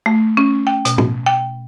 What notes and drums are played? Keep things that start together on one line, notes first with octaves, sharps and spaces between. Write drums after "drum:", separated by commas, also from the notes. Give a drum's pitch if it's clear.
A3
C#4
G5
B2, drum: hi-hat
drum: tom A2
G5